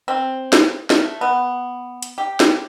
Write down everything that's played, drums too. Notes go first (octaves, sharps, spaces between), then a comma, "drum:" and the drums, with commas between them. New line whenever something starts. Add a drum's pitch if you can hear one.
C4
drum: snare
A3, drum: snare
B3
drum: hi-hat
G4
drum: snare